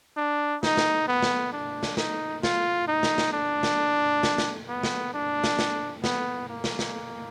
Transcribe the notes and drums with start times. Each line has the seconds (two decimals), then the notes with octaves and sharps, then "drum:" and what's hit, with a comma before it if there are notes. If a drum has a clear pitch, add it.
0.17 D4
0.63 D#4, drum: snare
0.77 drum: snare
1.08 B3
1.22 drum: snare
1.52 D4
1.83 drum: snare
1.97 D#4, drum: snare
2.43 F4, drum: snare
2.88 D#4
3.03 drum: snare
3.18 drum: snare
3.33 D4
3.63 drum: snare
4.23 drum: snare
4.38 drum: snare
4.69 B3
4.83 drum: snare
5.13 D4
5.44 drum: snare
5.59 drum: snare
6.04 B3, drum: snare
6.49 A#3
6.64 drum: snare
6.79 drum: snare